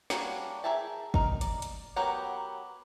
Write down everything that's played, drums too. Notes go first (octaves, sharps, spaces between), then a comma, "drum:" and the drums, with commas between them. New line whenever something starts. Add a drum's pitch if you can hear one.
G3 A#3 C#4 D4 F#4, drum: snare
G#4 A#4 E5 G5 A5
D#4 A#4, drum: kick
D5, drum: hi-hat
drum: hi-hat
F#3 B3 G4 A#4 F#5